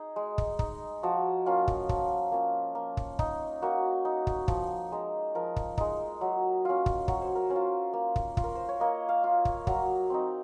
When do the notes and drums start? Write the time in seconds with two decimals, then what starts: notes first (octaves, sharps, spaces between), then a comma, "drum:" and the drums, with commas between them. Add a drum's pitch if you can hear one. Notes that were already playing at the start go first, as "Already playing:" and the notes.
Already playing: D#4 G#4
0.16 G#3
0.38 drum: kick
0.59 D#4, drum: kick
1.03 F3 F#4
1.46 A#3 C#4 F4
1.68 drum: kick
1.89 F3, drum: kick
2.32 A#3 C#4 F4
2.75 A#3
2.97 drum: kick
3.19 D#4, drum: kick
3.62 A#3 F#4
4.05 D#4
4.27 drum: kick
4.48 F3, drum: kick
4.92 G#3 D#4
5.35 F3 A#4
5.56 drum: kick
5.78 G#3 D#4, drum: kick
6.21 F#3
6.65 C#4 F4
6.86 drum: kick
7.08 F#3 C#5, drum: kick
7.21 C5
7.35 A#4
7.50 C#4 C5
7.56 F4
7.93 A#3
8.16 drum: kick
8.37 F4, drum: kick
8.44 A#4
8.55 C5
8.69 C#5
8.80 A#3 D#5
9.09 F5
9.24 F4
9.45 drum: kick
9.67 F#3 A#5, drum: kick
10.10 C4 D#4